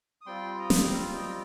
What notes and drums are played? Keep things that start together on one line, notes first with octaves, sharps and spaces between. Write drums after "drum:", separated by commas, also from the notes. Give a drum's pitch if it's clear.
D#6
G3 C4 F4 G5 C6
C6
A#5 D#6
drum: snare
G5
F5 A#5
A#5
D#5 G5
A#5